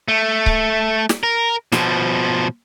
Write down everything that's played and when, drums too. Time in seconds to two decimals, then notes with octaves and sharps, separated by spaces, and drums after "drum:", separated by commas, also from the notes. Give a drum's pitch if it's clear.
0.08 A3
0.46 drum: kick C#1
1.09 drum: snare
1.23 A#4
1.72 B2 F3, drum: snare